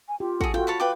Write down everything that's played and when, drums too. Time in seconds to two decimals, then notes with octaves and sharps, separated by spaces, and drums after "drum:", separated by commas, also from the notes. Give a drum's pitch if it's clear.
0.08 G#5
0.20 F4 G4
0.41 F#4 G#4 A4, drum: kick
0.54 F4 F#4 A4 G5
0.67 C#5 A5 B5
0.80 B4 F5 G5 D6